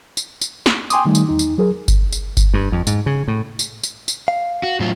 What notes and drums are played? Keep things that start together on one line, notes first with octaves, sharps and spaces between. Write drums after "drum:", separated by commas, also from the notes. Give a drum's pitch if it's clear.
drum: tambourine
drum: tambourine
drum: snare
G5 G#5 C6 D6 D#6, drum: tambourine
D#3 G3 A3 D#4
drum: tambourine
E2 D#4
drum: tambourine
F#3 G#4 A#4
drum: kick G1, tambourine
drum: tambourine
drum: kick G1, tambourine
G2
F2
G#2, drum: tambourine
C#3
A2
drum: tambourine
drum: tambourine
drum: tambourine
F5
F#4
A2 F#3 F4